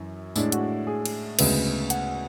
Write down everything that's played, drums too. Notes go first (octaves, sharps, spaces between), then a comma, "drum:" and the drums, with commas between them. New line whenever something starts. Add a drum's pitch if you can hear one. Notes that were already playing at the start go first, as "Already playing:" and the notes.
Already playing: F#2 E3
A2 G#3 D4 E4, drum: tambourine
F#4, drum: hi-hat
G#4
drum: cymbal
D2 C#3 G#3 B3, drum: cymbal
F#5, drum: hi-hat